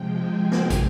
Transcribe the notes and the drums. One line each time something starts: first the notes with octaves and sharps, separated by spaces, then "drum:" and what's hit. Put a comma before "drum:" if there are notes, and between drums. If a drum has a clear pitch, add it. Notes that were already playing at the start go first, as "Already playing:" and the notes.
Already playing: C3 F3 G#3 G5
G#5
G5, drum: snare
drum: kick, hi-hat